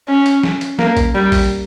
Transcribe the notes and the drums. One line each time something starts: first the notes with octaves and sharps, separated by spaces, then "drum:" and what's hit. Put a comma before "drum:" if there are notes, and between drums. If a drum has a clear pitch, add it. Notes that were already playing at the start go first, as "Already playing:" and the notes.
C#4
drum: hi-hat
drum: snare
drum: hi-hat
A#3, drum: snare
drum: kick A#1, hi-hat
G3
drum: kick A#1, open hi-hat